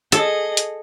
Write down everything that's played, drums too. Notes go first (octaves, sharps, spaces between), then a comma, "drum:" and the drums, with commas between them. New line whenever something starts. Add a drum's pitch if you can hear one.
G#4 A4 D#5, drum: hi-hat
drum: hi-hat